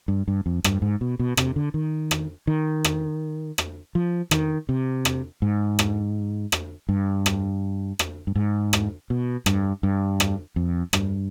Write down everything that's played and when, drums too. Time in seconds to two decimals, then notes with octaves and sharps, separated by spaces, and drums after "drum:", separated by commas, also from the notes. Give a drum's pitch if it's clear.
0.08 G2
0.28 G2
0.46 F2
0.64 G2, drum: rim click
0.82 G#2
1.01 B2
1.19 B2
1.37 C3, drum: rim click
1.56 D3
1.74 D#3
2.11 drum: rim click
2.47 D#3
2.84 drum: rim click
3.58 drum: rim click
3.95 F3
4.31 D#3, drum: rim click
4.69 C3
5.05 drum: rim click
5.42 G#2
5.79 drum: rim click
6.52 drum: rim click
6.89 G2
7.26 drum: rim click
7.99 drum: rim click
8.27 G2
8.35 G#2
8.73 drum: rim click
9.10 B2
9.46 G2, drum: rim click
9.83 G2
10.20 drum: rim click
10.56 F2
10.93 G2, drum: rim click